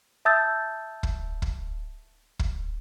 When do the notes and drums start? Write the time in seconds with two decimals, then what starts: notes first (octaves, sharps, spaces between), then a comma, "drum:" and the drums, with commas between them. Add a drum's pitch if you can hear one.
0.25 E5 A5 D#6 E6 G6 A6
1.03 drum: kick
1.42 drum: kick
2.39 drum: kick